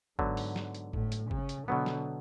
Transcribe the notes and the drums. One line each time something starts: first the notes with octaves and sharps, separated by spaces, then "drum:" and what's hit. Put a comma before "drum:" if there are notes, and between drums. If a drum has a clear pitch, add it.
G#2 D3 F#3 B3, drum: kick G1
drum: open hi-hat
drum: snare
drum: hi-hat
A2, drum: kick G1
drum: hi-hat
C#3, drum: kick G1
drum: hi-hat
B2 D3 F#3 B3
drum: snare